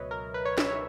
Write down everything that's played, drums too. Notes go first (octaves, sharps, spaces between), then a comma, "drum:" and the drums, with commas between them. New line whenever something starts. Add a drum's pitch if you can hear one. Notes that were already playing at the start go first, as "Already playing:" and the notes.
Already playing: C#2 B2 F#3 B4 C#5 D#5 E5
A#4
B4
C#5
E5, drum: snare
C#5